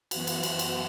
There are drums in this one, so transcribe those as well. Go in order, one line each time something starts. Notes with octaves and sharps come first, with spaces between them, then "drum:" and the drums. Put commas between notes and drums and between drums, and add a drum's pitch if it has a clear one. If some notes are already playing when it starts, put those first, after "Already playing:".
F#2 E3 B3 F#4, drum: cymbal
drum: cymbal
F#4, drum: cymbal
drum: cymbal